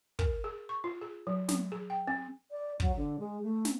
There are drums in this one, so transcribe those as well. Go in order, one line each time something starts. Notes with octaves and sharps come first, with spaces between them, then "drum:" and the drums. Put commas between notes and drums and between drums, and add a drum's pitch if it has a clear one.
A#4, drum: kick
G#4
C#6
F4
G#4
F#3
F#3, drum: snare
G#4
G5
C4
D5
F#3, drum: kick
D3
G#3
A3
drum: snare